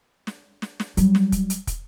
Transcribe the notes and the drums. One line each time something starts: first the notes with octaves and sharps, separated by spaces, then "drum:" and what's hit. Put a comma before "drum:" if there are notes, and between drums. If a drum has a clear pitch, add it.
drum: snare
drum: snare
drum: snare
F#3 G3, drum: hi-hat
drum: snare
drum: kick, hi-hat
drum: hi-hat
drum: kick, hi-hat